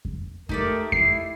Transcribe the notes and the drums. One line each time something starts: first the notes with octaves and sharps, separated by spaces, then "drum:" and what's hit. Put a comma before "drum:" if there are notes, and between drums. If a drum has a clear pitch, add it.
drum: kick F2
A3 D#4 G4 A#4 D5, drum: kick F2
E4 C7, drum: kick F2